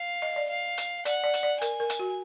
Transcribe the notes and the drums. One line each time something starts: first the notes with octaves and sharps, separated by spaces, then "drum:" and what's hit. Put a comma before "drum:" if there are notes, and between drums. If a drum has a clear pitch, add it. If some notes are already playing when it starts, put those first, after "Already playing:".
Already playing: F5
D#5
D5
F5
drum: hi-hat
D5 F#5, drum: hi-hat
D5
drum: hi-hat
D5
A#4 G#5, drum: hi-hat
A#4
drum: hi-hat
F#4